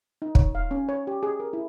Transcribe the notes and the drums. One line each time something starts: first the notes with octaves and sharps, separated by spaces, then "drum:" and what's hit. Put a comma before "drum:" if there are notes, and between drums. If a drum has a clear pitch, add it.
D#4
C#5, drum: kick
F5
C#4
C#5
G4
G#4
A#4
E4